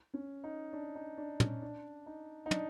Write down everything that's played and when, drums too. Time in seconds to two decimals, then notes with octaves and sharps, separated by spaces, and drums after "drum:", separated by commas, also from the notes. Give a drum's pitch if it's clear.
0.14 C#4
0.44 D#4
0.73 D4
0.95 D#4
1.18 D4
1.40 C#4, drum: tom
1.62 D4
2.06 D#4
2.46 D#4
2.51 D4, drum: tom